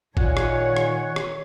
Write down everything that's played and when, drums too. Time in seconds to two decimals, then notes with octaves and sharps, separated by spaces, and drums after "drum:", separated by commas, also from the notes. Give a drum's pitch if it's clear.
0.17 A#2 D#3 C#5 F#5 G#5, drum: kick G#1
0.37 drum: rim click
0.77 drum: rim click
1.16 drum: rim click